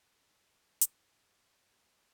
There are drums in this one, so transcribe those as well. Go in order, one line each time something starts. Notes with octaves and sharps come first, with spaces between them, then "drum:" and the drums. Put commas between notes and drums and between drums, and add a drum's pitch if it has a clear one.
E2 G#2 F3 A3 E4 G#6
G2, drum: hi-hat
D#2 C3 G3 A#3 B3 A4 D#5 G#5